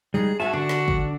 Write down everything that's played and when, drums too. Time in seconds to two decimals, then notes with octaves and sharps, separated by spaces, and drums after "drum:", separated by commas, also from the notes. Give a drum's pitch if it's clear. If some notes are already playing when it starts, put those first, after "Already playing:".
0.14 G3 G#3 D#4 G#4
0.40 F#4 E5 G#5 A5
0.53 D3 D4
0.69 drum: snare
0.88 drum: kick